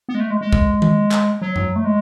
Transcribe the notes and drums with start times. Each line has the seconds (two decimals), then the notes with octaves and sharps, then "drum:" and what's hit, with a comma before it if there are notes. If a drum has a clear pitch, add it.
0.09 B3
0.15 G#3
0.20 A3
0.30 G#3
0.41 G#3
0.53 drum: kick A#1
0.82 drum: tom D#3
1.11 drum: clap
1.42 F#3
1.56 drum: tom F#2
1.76 A3
1.85 G#3